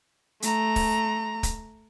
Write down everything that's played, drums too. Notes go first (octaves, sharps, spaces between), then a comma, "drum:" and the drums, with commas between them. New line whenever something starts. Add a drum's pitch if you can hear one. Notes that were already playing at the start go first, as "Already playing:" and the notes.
A3 A#5, drum: hi-hat
drum: kick, open hi-hat
drum: kick, hi-hat